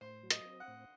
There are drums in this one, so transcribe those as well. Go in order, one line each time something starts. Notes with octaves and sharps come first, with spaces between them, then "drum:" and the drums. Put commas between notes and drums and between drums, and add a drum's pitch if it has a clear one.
A2 C5
F#3
D#5, drum: hi-hat
C4
F#5
A2